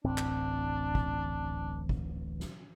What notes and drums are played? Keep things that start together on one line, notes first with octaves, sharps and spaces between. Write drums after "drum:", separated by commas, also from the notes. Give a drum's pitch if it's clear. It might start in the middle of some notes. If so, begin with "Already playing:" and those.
D1 A1 C4 D4
drum: clap
drum: kick
drum: kick
drum: snare